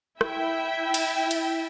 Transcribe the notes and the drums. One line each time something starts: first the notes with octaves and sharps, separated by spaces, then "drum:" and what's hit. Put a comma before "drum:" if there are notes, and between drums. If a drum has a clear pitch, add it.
E4 E5 G5, drum: rim click
drum: cymbal
drum: cymbal